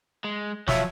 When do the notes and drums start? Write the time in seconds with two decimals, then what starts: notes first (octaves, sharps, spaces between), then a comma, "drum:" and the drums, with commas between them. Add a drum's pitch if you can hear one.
0.24 G#3
0.68 F3 F#3 C#5 E5, drum: snare